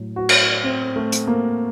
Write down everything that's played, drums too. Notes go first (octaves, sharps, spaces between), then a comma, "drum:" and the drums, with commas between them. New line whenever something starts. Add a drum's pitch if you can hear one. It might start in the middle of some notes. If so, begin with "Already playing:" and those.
Already playing: A2 F#3
F#4
drum: cymbal
C4
A3
drum: hi-hat
A#3